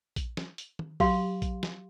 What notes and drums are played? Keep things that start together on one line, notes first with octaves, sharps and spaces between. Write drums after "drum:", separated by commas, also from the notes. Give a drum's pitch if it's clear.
drum: kick A#1, hi-hat
drum: snare
drum: hi-hat
drum: tom
F#3 G4 F5 C6, drum: kick A#1, open hi-hat
drum: kick A#1, hi-hat
drum: snare